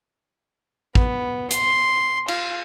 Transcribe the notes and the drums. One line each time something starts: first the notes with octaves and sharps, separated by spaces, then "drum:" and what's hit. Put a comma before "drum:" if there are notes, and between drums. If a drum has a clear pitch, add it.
B3, drum: kick
C6, drum: hi-hat
F4, drum: cymbal